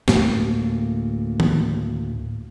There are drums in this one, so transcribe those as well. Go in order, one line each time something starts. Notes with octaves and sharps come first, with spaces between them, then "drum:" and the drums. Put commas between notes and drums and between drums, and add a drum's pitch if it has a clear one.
D2 A2 A#3, drum: snare
drum: tom D#3